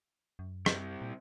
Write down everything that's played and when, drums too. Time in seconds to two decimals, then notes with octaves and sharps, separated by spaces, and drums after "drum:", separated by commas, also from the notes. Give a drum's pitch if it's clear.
0.39 F#2
0.66 C3 G3, drum: rim click
1.01 A#2